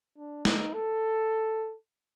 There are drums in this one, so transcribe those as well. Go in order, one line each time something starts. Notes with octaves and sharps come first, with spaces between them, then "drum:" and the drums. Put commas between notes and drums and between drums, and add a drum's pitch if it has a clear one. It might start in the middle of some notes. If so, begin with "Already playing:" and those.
D4
D#4, drum: snare
A4